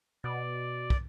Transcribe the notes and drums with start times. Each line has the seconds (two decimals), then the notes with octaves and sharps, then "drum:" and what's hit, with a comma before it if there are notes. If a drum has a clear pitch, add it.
0.24 B2 D5
0.90 drum: kick